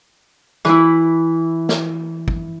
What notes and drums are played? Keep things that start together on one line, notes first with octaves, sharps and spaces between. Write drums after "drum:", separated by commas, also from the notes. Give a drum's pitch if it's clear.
E3 E4, drum: rim click
drum: snare
drum: kick